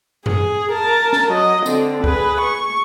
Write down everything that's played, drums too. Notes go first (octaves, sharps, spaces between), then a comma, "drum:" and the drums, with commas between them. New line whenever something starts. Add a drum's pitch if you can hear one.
G#4, drum: tom F#2
A#4 A5
drum: snare
F#3 D#5
D3 C4, drum: tambourine
G#4 B4, drum: kick C#2
C#6